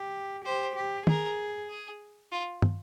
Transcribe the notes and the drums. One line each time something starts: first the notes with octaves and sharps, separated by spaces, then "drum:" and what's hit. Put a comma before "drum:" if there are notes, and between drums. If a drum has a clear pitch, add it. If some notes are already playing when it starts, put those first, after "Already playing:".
Already playing: G4
G4 C5
G4
G#4 A#4, drum: tom
G#4
F4
drum: tom